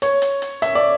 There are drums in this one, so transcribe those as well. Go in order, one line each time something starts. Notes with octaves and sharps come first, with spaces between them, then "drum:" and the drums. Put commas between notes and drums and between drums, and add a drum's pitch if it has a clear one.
C#5, drum: hi-hat
drum: hi-hat
drum: hi-hat
E5, drum: hi-hat
D5